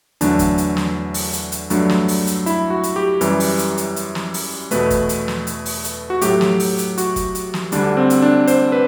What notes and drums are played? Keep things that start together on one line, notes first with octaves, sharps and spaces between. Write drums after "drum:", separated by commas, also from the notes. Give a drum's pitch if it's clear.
E2 D3 F#3 A3 D4, drum: hi-hat
drum: kick F#1, hi-hat
drum: hi-hat
drum: snare
drum: open hi-hat
drum: hi-hat
drum: hi-hat
G2 F#3 A3 D4, drum: hi-hat
drum: snare
drum: open hi-hat
drum: hi-hat
E4, drum: hi-hat
F#4
drum: hi-hat
G4
F#2 E3 G3, drum: hi-hat
drum: open hi-hat
drum: hi-hat
drum: hi-hat
drum: hi-hat
drum: snare
drum: open hi-hat
E2 B2 A3 B4, drum: hi-hat
drum: kick F#1, hi-hat
drum: hi-hat
drum: snare
drum: hi-hat
drum: open hi-hat
drum: hi-hat
F#4
A2 F#3 A3 G4, drum: hi-hat
drum: snare
drum: open hi-hat
drum: hi-hat
F#4, drum: hi-hat
drum: kick F#1, hi-hat
drum: hi-hat
drum: snare
D2 D3 G3 D4, drum: hi-hat
C4
drum: hi-hat
D4
C5, drum: hi-hat
B4